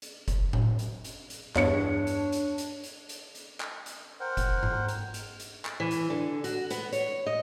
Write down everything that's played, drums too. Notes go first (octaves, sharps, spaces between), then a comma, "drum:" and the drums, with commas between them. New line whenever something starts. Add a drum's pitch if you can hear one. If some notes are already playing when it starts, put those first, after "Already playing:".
drum: hi-hat
drum: kick F#1, hi-hat
drum: tom A2
drum: hi-hat
drum: hi-hat
drum: hi-hat
E2 G2 D4 C#5 C#7, drum: clap
drum: hi-hat
drum: hi-hat
drum: hi-hat
drum: hi-hat
drum: hi-hat
drum: hi-hat
drum: clap
drum: hi-hat
A#4 C5 F#5 G5
drum: kick F#1, hi-hat
drum: tom G#2
drum: hi-hat
drum: hi-hat
drum: hi-hat
drum: clap
E3
drum: hi-hat
D3
F#4, drum: hi-hat
B3, drum: hi-hat
C#5, drum: hi-hat
D#5